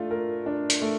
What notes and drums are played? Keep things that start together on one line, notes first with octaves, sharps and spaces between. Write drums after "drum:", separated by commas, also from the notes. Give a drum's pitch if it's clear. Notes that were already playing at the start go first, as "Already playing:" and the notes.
Already playing: A3 D4 F4
A#4
D4
drum: hi-hat
A3